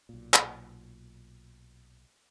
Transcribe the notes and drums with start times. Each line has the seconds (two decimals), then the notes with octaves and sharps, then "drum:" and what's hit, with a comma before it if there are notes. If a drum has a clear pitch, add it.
0.09 B1 A#2
0.34 drum: clap